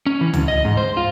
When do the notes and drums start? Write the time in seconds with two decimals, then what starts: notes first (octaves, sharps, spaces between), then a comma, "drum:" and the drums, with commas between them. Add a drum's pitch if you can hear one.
0.06 C#4
0.21 E3
0.33 D2, drum: tom C#2
0.48 D#5
0.65 G#2
0.77 C5
0.97 F4